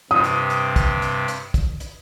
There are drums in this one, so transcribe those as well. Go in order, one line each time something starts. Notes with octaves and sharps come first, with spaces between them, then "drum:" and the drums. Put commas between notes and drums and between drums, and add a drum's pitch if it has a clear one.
G2 C3 D#6
drum: hi-hat
drum: hi-hat
drum: kick, hi-hat
drum: hi-hat
drum: hi-hat
drum: kick, hi-hat
drum: hi-hat